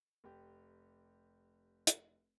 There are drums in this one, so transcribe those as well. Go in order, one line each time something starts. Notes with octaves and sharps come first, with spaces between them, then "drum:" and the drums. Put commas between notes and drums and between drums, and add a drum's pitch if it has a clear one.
F1 G4
drum: hi-hat